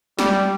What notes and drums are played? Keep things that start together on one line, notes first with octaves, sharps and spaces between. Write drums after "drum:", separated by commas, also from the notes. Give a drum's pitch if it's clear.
G3, drum: snare